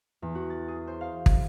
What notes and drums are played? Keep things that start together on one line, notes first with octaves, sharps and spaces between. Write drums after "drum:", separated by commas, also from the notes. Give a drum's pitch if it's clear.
E2
F#4
A6
G#4
C5
F5
G#6, drum: kick